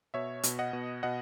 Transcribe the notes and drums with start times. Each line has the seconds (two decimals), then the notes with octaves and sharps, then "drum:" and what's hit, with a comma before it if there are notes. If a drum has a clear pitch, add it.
0.14 B2 C#5 E5
0.43 B2, drum: hi-hat
0.59 D#5 F#5
0.73 B2
1.03 B2 D#5 F#5